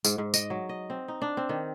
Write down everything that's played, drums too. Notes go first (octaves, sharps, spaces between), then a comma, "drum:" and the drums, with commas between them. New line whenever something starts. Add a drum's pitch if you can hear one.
G#2, drum: tambourine
G#2
D#5, drum: tambourine
F#3
D#5
C4
D#4
D4
C4
D#3